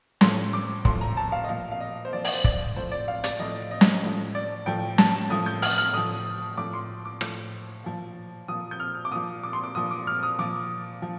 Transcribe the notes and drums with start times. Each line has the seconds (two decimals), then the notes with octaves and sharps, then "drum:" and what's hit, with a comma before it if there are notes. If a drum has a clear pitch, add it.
0.21 A2 F3 C6, drum: snare
0.53 D6
0.85 A2 F3 C6, drum: kick
1.01 A#5
1.17 A5
1.32 F5
1.44 D#5
1.49 A#2 F3 F5
1.72 F5
1.80 D#5
2.05 C5
2.13 A#2 F3 D5
2.24 drum: open hi-hat
2.34 C5
2.44 D5, drum: kick
2.76 A2 F3 C5
2.92 D5
3.08 F5
3.24 D5, drum: hi-hat
3.39 A2 F3 D#5
3.71 D#5
3.81 drum: snare
4.03 A2 F3
4.35 D5
4.66 A2 F3 G5
4.98 A5, drum: snare
5.30 A2 F3 D#6
5.46 G6
5.62 F6, drum: open hi-hat
5.78 F6
5.93 A2 F3 D#6
6.57 A2 F3 D6
6.73 C6
7.05 D6
7.21 A2 F3, drum: rim click
7.84 A#2 F3
8.48 A#2 F3 D#6
8.71 G6
8.80 F6
9.05 D6
9.11 A#2 F3 D#6
9.43 D6
9.53 C6
9.64 D6
9.75 A#2 F3 D#6
9.91 D6
10.07 F6
10.23 D#6
10.39 A#2 F3 D6
11.02 F3